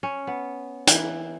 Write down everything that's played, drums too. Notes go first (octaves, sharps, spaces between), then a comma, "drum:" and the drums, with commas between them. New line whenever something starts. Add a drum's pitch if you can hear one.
C#4
B3
E3, drum: hi-hat